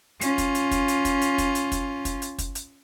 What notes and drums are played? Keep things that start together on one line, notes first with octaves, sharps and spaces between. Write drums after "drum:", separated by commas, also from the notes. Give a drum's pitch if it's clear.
C#4 F4, drum: hi-hat
drum: kick, hi-hat
drum: hi-hat
drum: kick, hi-hat
drum: hi-hat
drum: kick, hi-hat
drum: hi-hat
drum: kick, hi-hat
drum: hi-hat
drum: kick, hi-hat
drum: kick, hi-hat
drum: hi-hat
drum: kick, hi-hat
drum: hi-hat